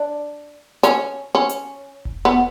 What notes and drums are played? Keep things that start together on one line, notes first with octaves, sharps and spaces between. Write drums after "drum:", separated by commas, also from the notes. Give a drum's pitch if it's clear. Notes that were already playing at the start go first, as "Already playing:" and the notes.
Already playing: D4
C#4, drum: hi-hat
C#4
drum: hi-hat
drum: kick E1
B3